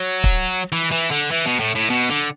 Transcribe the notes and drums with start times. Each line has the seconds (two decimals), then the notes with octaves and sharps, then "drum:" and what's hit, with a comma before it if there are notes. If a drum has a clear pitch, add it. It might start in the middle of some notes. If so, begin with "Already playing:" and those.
Already playing: F#3
0.24 drum: kick
0.72 E3
0.91 E3
1.11 D3
1.31 E3
1.46 B2
1.60 A2
1.76 A2
1.90 B2
2.10 D3